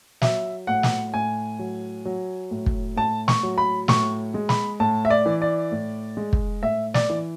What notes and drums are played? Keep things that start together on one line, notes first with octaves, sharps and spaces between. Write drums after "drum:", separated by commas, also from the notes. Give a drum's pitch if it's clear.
F#3 E5, drum: snare
A2 F#5
drum: snare
A2 G#5
F#3
F#3
A2
drum: kick
A2 A5
C#6, drum: snare
F#3
B5
A2 C#6, drum: snare
G#3
B5, drum: snare
A2 A5
E5
D5
E3
D5
A2
G#3
drum: kick
A2 E5
D5, drum: snare
E3